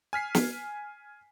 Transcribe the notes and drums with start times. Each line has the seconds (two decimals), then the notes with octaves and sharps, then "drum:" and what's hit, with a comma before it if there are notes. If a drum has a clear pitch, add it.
0.13 G#5 F6 B6 C7
0.35 drum: snare